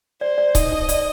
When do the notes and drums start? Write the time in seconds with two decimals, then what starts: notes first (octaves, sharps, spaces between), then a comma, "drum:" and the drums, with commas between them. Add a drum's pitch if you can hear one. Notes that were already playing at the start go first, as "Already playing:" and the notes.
0.21 C5 D5
0.38 D5
0.55 D#4 D#5, drum: kick C#1, hi-hat
0.72 D#4
0.89 D5, drum: hi-hat